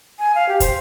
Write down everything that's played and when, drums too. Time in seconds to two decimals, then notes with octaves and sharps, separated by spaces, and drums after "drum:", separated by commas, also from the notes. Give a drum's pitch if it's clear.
0.19 G#5
0.35 F5
0.49 G4
0.60 C5, drum: kick, hi-hat